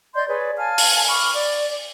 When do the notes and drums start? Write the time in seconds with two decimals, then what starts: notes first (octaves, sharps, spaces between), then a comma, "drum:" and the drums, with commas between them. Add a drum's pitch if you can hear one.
0.15 D5 D#5 C6 G6
0.28 G#4 B4 C#5 D5
0.57 F5 G#5 A5 F6
0.78 drum: open hi-hat
1.07 B5 C#6 D6 F6
1.34 D5 D6